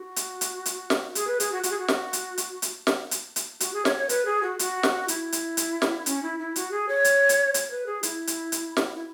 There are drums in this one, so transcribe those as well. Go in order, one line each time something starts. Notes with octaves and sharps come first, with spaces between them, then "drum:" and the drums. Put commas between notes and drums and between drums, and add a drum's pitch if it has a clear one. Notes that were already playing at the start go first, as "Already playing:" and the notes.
Already playing: F#4
drum: hi-hat
drum: hi-hat
drum: hi-hat
drum: snare
G#4, drum: hi-hat
B4
G#4, drum: hi-hat
F#4
F#4, drum: hi-hat
G#4
F#4
drum: snare
drum: hi-hat
drum: hi-hat
drum: hi-hat
drum: snare
drum: hi-hat
drum: hi-hat
F#4, drum: hi-hat
G#4
C#5, drum: snare
C#5
B4, drum: hi-hat
G#4
F#4
F#4, drum: hi-hat
drum: snare
E4, drum: hi-hat
drum: hi-hat
drum: hi-hat
drum: snare
C#4, drum: hi-hat
E4
E4
F#4, drum: hi-hat
G#4
C#5
drum: hi-hat
drum: hi-hat
C#5, drum: hi-hat
B4
G#4
E4, drum: hi-hat
drum: hi-hat
drum: hi-hat
drum: snare
E4